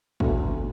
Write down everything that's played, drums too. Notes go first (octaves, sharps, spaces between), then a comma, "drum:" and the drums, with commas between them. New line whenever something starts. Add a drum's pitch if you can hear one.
D2 B2, drum: kick